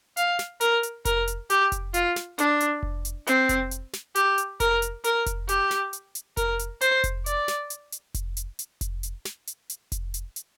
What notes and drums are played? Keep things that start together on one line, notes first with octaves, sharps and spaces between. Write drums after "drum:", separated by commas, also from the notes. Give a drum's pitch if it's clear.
F5, drum: hi-hat
drum: snare
A#4, drum: hi-hat
drum: hi-hat
A#4, drum: kick F1, hi-hat
drum: hi-hat
G4, drum: hi-hat
drum: kick F1, hi-hat
F4, drum: hi-hat
drum: snare
D4, drum: hi-hat
drum: hi-hat
drum: kick F1
drum: hi-hat
C4, drum: hi-hat
drum: kick F1, hi-hat
drum: hi-hat
drum: snare
G4, drum: hi-hat
drum: hi-hat
A#4, drum: kick F1, hi-hat
drum: hi-hat
A#4, drum: hi-hat
drum: kick F1, hi-hat
G4, drum: hi-hat
drum: snare
drum: hi-hat
drum: hi-hat
A#4, drum: kick F1, hi-hat
drum: hi-hat
C5, drum: hi-hat
drum: kick F1, hi-hat
D5, drum: hi-hat
drum: snare
drum: hi-hat
drum: hi-hat
drum: kick F1, hi-hat
drum: hi-hat
drum: hi-hat
drum: kick F1, hi-hat
drum: hi-hat
drum: snare
drum: hi-hat
drum: hi-hat
drum: kick F1, hi-hat
drum: hi-hat
drum: hi-hat